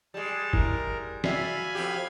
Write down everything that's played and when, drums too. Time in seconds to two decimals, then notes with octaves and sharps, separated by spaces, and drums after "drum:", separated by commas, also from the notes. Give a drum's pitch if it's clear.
0.14 G3 G#3 A5
0.53 E4 A#4, drum: kick F#1
1.24 F#4 D5 E5 F5 G#5 B5, drum: snare
1.75 F2 G4